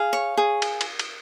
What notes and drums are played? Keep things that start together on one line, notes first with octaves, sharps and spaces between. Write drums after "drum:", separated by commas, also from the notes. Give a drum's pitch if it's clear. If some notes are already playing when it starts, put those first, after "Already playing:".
Already playing: G#4 F5
C#5
G#4
drum: cymbal
drum: cymbal
drum: cymbal